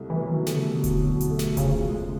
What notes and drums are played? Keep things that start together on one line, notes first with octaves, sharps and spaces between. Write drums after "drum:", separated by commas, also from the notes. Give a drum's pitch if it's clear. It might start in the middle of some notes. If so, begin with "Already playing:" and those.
Already playing: C2 B2 A3
E3
F#3
D#3
D3 A3, drum: snare
C#3
D3
B2
drum: kick D#1, hi-hat
F#3
drum: hi-hat
A3
drum: snare
C#3 F3, drum: kick D#1, hi-hat
G#3